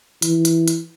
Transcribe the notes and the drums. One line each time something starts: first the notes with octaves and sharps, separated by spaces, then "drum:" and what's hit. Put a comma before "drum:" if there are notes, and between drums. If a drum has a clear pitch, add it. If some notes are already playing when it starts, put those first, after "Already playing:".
E3, drum: hi-hat
drum: hi-hat
drum: hi-hat